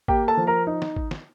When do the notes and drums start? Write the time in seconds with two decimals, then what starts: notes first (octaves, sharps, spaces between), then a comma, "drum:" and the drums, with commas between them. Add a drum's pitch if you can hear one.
0.08 A#3 G4 G5, drum: kick
0.28 A4 A5
0.37 F3
0.47 A#4 A#5
0.67 D#4
0.82 drum: snare
0.96 drum: kick
1.11 drum: snare